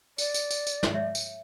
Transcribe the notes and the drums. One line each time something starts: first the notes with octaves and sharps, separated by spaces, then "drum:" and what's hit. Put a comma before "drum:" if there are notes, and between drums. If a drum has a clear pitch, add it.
D5, drum: tambourine
drum: tambourine
drum: tambourine
drum: tambourine
drum: snare
C#5 E5
drum: tambourine